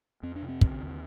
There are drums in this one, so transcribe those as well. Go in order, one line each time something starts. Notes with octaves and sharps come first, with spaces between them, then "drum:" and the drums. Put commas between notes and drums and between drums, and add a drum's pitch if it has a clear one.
F2 C4
D4
C3
C4
D3, drum: kick
D#2